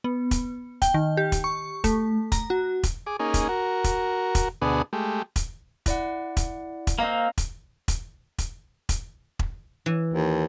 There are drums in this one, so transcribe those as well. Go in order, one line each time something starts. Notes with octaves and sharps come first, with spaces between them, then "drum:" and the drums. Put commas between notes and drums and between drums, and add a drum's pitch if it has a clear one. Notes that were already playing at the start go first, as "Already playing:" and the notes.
B3
drum: kick E1, hi-hat
G5, drum: kick E1, hi-hat
D#3
G4
drum: kick E1, hi-hat
C#6
A3, drum: kick E1, hi-hat
A#5, drum: kick E1, hi-hat
F#4
drum: kick E1, hi-hat
G#4 D6
A#3 C#4 D#4 G#4
drum: kick E1, hi-hat
F#4 A#4
drum: kick E1, hi-hat
drum: kick E1, hi-hat
D2 B2 B3 D4 G#4 D#6
G#3 A3 G4
drum: kick E1, hi-hat
E4 D5 F#5, drum: kick E1, hi-hat
drum: kick E1, hi-hat
drum: kick E1, hi-hat
A#3 C4 D#5 F5 A#5
drum: kick E1, hi-hat
drum: kick E1, hi-hat
drum: kick E1, hi-hat
drum: kick E1, hi-hat
drum: kick E1
E3
D#2